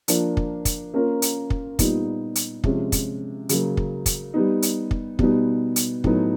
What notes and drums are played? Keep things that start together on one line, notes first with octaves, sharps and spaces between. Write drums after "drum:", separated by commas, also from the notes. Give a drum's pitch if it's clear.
F3 A#3 D4, drum: hi-hat
drum: kick
drum: kick, hi-hat
A#3 C#4 F4 A#4
drum: hi-hat
drum: kick
A#2 G3 B3 D#4, drum: kick, hi-hat
drum: hi-hat
C3 F3 G#3 C#4, drum: kick
drum: kick, hi-hat
C#3 F#3 A#3, drum: hi-hat
drum: kick
drum: kick, hi-hat
G3 B3 D#4
drum: hi-hat
drum: kick
B2 G3 B3 D#4, drum: kick
drum: hi-hat
A2 F#3 B3 D#4, drum: kick